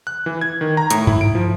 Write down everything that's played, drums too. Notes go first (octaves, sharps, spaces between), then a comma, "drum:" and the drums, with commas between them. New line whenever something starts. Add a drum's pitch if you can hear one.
F#6
E3
G#6
D#3
A#5
A2, drum: hi-hat
E4, drum: tom G2
D7
F3